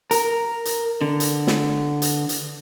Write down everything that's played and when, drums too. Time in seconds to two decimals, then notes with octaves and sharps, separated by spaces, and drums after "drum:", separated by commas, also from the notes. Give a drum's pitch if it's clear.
0.11 A#4, drum: hi-hat
0.65 drum: hi-hat
1.01 D3
1.20 drum: hi-hat
1.47 drum: snare
2.02 drum: hi-hat
2.29 drum: hi-hat